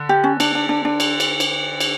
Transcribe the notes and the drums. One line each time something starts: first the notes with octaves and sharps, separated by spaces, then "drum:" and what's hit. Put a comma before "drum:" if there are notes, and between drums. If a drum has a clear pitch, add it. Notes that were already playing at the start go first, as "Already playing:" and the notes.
Already playing: D3
G4
C#4
D4, drum: cymbal
D4
D4
D4
drum: cymbal
drum: cymbal
drum: cymbal
drum: cymbal